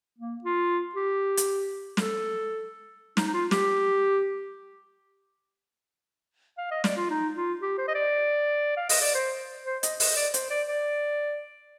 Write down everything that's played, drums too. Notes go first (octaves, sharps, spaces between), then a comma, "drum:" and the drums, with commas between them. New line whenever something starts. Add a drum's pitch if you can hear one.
A#3
F4
G4
drum: hi-hat
A4, drum: snare
D#4, drum: snare
D#4
F4
G4, drum: snare
F5
D#5
D5, drum: snare
F4
D#4
F4
G4
C5
D#5
D5
F5
D#5, drum: open hi-hat
D5
C5
C5
D#5, drum: hi-hat
D#5, drum: open hi-hat
D5
C5, drum: hi-hat
D5
D5